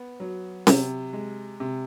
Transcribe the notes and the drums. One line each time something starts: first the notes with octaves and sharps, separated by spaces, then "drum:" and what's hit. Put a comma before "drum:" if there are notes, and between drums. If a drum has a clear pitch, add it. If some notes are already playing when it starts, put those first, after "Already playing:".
Already playing: B3
F#3
C3, drum: snare C#4
G#3
C3